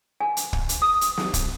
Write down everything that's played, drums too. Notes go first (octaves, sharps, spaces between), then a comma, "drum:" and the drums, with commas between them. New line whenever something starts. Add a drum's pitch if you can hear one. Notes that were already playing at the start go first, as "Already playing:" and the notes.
G#5
drum: hi-hat
drum: kick
drum: hi-hat
D#6
drum: hi-hat
drum: snare
drum: kick, hi-hat